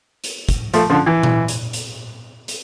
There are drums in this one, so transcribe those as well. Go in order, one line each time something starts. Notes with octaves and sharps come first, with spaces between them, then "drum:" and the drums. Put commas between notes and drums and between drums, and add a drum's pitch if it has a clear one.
drum: hi-hat
drum: kick, hi-hat
F3 A3, drum: hi-hat
D3 F3
E3
drum: tom A#2
drum: hi-hat
drum: hi-hat
drum: hi-hat